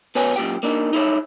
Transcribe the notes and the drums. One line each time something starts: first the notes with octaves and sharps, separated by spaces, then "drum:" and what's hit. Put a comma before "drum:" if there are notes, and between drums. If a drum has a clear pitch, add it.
B2 B4 C#5 G#5, drum: open hi-hat
F#2 A#2 G4 G5
A#3 D4 D#4
D#4 E4 A4 B4 C#5